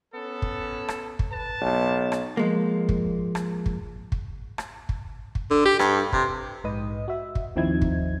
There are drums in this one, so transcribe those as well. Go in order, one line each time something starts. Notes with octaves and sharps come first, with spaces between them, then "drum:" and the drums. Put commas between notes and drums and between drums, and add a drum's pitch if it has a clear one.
B3 C#4 A4
drum: kick
drum: rim click
drum: kick
B4 A5
B1
drum: rim click
F3 G#3 A#3
drum: kick
drum: rim click
drum: kick
drum: kick
drum: rim click
drum: kick
drum: kick
D3
G4
G2, drum: rim click
C3, drum: kick
A#1 G#2 B4 D#5 D#6
F#4 E5
drum: kick
D#2 F3 C4 D#4 E4 G#6
drum: kick